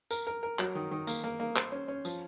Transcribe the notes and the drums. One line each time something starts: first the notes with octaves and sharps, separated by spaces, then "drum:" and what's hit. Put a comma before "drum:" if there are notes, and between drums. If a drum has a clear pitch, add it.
A#4, drum: tambourine
A#4
A#4
F#3, drum: clap
D#3
D#3
A#3, drum: tambourine
A#3
A#3
C5, drum: clap
C#4
C#4
F3, drum: tambourine